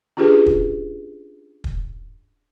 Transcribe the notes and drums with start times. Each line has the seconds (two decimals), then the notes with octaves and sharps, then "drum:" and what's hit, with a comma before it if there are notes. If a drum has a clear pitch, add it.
0.17 C#4 D4 F4 G4 G#4 B4
0.46 drum: kick
1.64 drum: kick